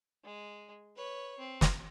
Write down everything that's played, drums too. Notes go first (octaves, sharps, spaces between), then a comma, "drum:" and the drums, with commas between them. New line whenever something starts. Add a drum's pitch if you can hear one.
G#3
B4 C#5
C4
drum: snare